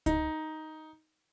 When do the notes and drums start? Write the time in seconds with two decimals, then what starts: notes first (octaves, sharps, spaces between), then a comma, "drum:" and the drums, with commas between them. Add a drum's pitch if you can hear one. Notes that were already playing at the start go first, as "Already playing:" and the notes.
0.06 D#4, drum: kick C#2, hi-hat